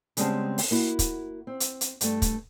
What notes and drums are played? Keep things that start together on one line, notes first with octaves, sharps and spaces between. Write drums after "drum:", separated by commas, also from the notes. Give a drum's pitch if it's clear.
C#3 G3 G#3 B3 C4 A5, drum: hi-hat
drum: open hi-hat
A#3 E4 F#4
drum: kick, hi-hat
C4
drum: hi-hat
drum: hi-hat
G2 A3, drum: hi-hat
drum: kick, hi-hat